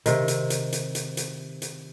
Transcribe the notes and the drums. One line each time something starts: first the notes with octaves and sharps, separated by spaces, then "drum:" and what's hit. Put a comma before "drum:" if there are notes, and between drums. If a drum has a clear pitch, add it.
C3 D#3, drum: hi-hat
drum: hi-hat
drum: hi-hat
drum: hi-hat
drum: hi-hat
drum: hi-hat
drum: hi-hat